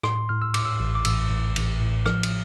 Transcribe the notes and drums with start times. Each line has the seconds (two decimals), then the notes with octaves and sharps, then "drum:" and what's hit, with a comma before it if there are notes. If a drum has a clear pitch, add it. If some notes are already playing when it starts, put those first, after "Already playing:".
0.03 A2 C6, drum: rim click
0.29 A2 F6
0.42 E6
0.54 A2 D6, drum: cymbal
0.65 E6
0.80 A1
0.95 D6
1.05 A1 E6, drum: cymbal
1.30 A1
1.56 A1, drum: cymbal
1.81 A2
2.06 F3 F6, drum: rim click
2.23 drum: cymbal